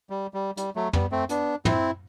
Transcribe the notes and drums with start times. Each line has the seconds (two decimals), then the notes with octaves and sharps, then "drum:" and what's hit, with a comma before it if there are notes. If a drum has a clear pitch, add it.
0.10 G3
0.34 G3
0.57 G3, drum: hi-hat
0.76 F#3 A3
0.93 G3 B3, drum: tom
1.12 A3 C4
1.29 B3 D4, drum: hi-hat
1.65 C4 E4, drum: tom